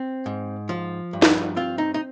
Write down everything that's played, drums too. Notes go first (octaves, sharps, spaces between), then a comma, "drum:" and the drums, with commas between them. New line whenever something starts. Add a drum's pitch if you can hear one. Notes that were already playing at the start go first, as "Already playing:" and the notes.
Already playing: C4
G#2
F3
G2
drum: snare
C4 F4
D#4
D#4